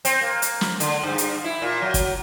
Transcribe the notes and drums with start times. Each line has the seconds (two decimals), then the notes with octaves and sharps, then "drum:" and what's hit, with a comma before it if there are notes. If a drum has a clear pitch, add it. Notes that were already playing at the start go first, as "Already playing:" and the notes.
0.05 C4, drum: hi-hat
0.21 A#3
0.42 drum: hi-hat
0.61 drum: snare
0.80 D3, drum: hi-hat
1.04 G2
1.18 drum: hi-hat
1.44 E4
1.62 A#2
1.82 F#3
1.94 drum: kick, hi-hat